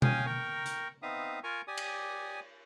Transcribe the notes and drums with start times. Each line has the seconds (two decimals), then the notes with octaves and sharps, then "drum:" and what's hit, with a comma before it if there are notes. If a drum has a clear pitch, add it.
0.02 C#4 F5 G5 G#5 D#6, drum: tom B2
0.26 A#4 G5 A#5 C#6
0.66 drum: hi-hat
1.02 B3 C4 D#4 E5 F5 D#6
1.44 F4 A#4 G#5 A#5 C#6
1.67 G4 D5 G#5 D#6
1.78 drum: cymbal